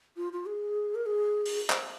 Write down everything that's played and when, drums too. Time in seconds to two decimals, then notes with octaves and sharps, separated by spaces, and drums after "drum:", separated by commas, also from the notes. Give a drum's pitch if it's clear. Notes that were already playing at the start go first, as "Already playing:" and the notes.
0.17 F4
0.33 F4
0.47 G#4
0.95 A#4
1.06 G#4
1.46 drum: open hi-hat
1.70 drum: clap